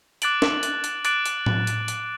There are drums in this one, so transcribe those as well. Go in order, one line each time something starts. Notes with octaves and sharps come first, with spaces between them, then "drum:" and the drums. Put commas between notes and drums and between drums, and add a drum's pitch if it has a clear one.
D6 F#6 A6 D7 F#7, drum: hi-hat
drum: snare
drum: hi-hat
drum: hi-hat
D6 F#6 A6 D7 F#7, drum: hi-hat
drum: hi-hat
drum: tom A2
drum: hi-hat
drum: hi-hat